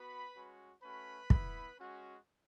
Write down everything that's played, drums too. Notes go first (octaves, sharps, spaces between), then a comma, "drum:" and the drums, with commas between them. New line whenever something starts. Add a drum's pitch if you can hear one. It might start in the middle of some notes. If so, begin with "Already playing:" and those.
Already playing: B3 F#4 B4 B5
G#3 C#4 F#4
A3 C#4 F#4 B4 B5
B3 E4, drum: kick
G#3 C#4 F#4